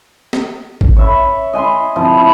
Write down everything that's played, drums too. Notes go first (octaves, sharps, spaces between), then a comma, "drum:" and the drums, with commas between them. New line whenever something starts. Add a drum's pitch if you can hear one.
drum: snare
drum: kick G#1
C#5 E5 B5
D#5 G#5 B5 C6
C3 F3 E4
E4